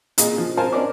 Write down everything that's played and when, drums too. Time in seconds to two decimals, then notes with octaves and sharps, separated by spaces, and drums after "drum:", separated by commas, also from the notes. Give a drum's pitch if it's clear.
0.18 A#2 F4 G#4 D#5, drum: hi-hat
0.38 F3
0.57 F4 A#4 C5 F5 G#5 A5
0.73 C#4 D4 A#4 D#5 D6